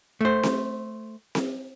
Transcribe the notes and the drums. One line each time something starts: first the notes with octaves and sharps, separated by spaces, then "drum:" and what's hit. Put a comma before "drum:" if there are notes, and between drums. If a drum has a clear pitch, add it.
A3 C5
drum: snare C4
drum: snare C4